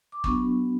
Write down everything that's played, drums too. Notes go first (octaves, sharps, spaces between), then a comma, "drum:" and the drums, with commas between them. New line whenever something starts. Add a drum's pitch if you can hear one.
D6
F#3 B3 D4 F#4 C#6, drum: kick